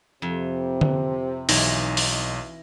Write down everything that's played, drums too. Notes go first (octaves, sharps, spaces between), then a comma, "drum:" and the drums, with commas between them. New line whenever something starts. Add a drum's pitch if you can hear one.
F2 C3
drum: tom D3
B1 E3 D#4 A#6, drum: open hi-hat
drum: open hi-hat